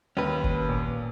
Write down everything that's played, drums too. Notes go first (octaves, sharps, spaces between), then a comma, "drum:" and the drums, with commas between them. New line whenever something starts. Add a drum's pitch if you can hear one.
D#2 C#4 B4
drum: kick F#1
A#2